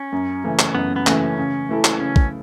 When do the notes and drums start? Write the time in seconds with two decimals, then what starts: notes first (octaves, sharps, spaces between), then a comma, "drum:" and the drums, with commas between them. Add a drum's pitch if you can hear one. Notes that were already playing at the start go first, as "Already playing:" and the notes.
Already playing: C#4
0.12 F#2
0.44 C#3 E3 A3
0.59 drum: clap
0.75 F#2 B3
0.96 B3
1.07 C#3 E3 A3, drum: clap
1.16 C#4
1.38 C#3
1.69 E3 A3 E4 A4
1.85 drum: clap
2.00 C#3 C#4
2.16 drum: kick